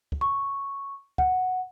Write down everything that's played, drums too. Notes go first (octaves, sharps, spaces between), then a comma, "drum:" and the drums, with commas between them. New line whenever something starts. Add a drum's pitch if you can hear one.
drum: kick
C#6
F#5, drum: kick